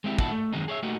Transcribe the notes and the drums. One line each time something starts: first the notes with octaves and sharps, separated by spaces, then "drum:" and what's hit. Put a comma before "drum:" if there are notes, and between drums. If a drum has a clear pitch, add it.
G#3 C4 E4 G4
D#2 A#2 D4 E4 F#4 A5, drum: kick
A3
F#2 B2 D#3 G#3 C4 D#4
G#4 C#5 D5 E5
A3 A#3 D#4 F#4 G4